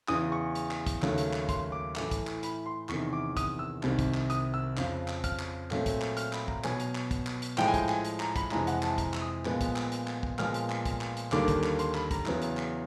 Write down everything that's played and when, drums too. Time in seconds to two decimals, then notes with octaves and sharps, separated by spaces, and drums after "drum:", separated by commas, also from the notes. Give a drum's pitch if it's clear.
0.08 E2 C#3 E3 D#6, drum: clap
0.32 C#6
0.55 drum: hi-hat
0.71 drum: clap
0.87 drum: kick, hi-hat
1.02 D#2 C#3 F#3 A3, drum: clap
1.18 drum: hi-hat
1.33 drum: clap
1.49 C6, drum: kick, hi-hat
1.72 D6
1.95 A2 E3 A3 D6, drum: clap
2.11 drum: kick, hi-hat
2.27 drum: clap
2.43 B5, drum: hi-hat
2.66 C6
2.89 E2 C3 D#3 C#6, drum: clap
3.13 D6
3.37 D#6, drum: kick, hi-hat
3.59 E6
3.83 C2 C3 D#3, drum: clap
3.99 drum: kick, hi-hat
4.14 drum: clap
4.30 D#6, drum: hi-hat
4.54 E6
4.77 F2 C#3 F3, drum: clap
5.08 drum: clap
5.24 F6, drum: kick, hi-hat
5.39 drum: clap
5.71 A#2 F#3 A3 C4, drum: clap
5.86 drum: kick, hi-hat
6.02 drum: clap
6.17 F6, drum: hi-hat
6.33 B5, drum: clap
6.48 A#5, drum: kick
6.64 B2 F#3 B3 G#5, drum: clap
6.80 drum: hi-hat
6.95 drum: clap
7.11 drum: kick, hi-hat
7.26 drum: clap
7.42 drum: hi-hat
7.58 A2 F3 G#3 G5, drum: clap
7.68 G#5
7.74 G5, drum: kick, hi-hat
7.89 G#5, drum: clap
8.05 drum: hi-hat
8.20 A#5, drum: clap
8.36 B5, drum: kick, hi-hat
8.51 F2 C3 E3 G#3 A#5, drum: clap
8.67 F#5, drum: hi-hat
8.82 A5, drum: clap
8.98 A#5, drum: kick, hi-hat
9.13 E6, drum: clap
9.22 D#6
9.45 A#2 F3 G#3 B3, drum: clap
9.61 drum: kick, hi-hat
9.76 drum: clap
9.92 drum: hi-hat
10.07 drum: clap
10.23 drum: kick
10.39 A#2 F3 G#3 B3 F6, drum: clap
10.54 drum: hi-hat
10.70 drum: clap
10.86 drum: kick, hi-hat
11.01 drum: clap
11.17 drum: hi-hat
11.32 D#2 D3 G3 A#3 D6, drum: clap
11.48 drum: kick, hi-hat
11.64 drum: clap
11.79 C6, drum: hi-hat
11.95 B5, drum: clap
12.11 A#5, drum: kick, hi-hat
12.26 E2 C#3 F#3 B3, drum: clap
12.42 drum: hi-hat
12.57 drum: clap